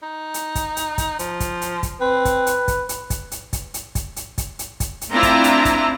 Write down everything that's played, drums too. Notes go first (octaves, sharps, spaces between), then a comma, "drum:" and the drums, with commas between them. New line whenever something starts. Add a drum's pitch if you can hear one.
D#4
drum: hi-hat
drum: kick, hi-hat
drum: hi-hat
drum: kick, hi-hat
F3, drum: hi-hat
drum: kick, hi-hat
drum: hi-hat
drum: kick, hi-hat
C4 B4
drum: kick, hi-hat
drum: hi-hat
drum: kick, hi-hat
drum: hi-hat
drum: kick, hi-hat
drum: hi-hat
drum: kick, hi-hat
drum: hi-hat
drum: kick, hi-hat
drum: hi-hat
drum: kick, hi-hat
drum: hi-hat
drum: kick, hi-hat
drum: hi-hat
A3 C4 D4 E4 F4 A#5
drum: kick, hi-hat
drum: hi-hat
drum: kick, hi-hat